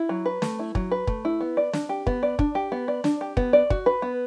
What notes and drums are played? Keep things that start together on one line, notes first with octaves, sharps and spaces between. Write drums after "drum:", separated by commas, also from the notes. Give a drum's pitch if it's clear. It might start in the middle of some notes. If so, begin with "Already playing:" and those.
Already playing: E4
F#3
B4
A3, drum: snare
E4
F#3, drum: kick
B4
A3, drum: kick
E4
B3
D5
D4, drum: snare
G4
B3, drum: kick
D5
D4, drum: kick
G4
B3
D5
D4, drum: snare
G4
B3, drum: kick
D5
F#4, drum: kick
B4
B3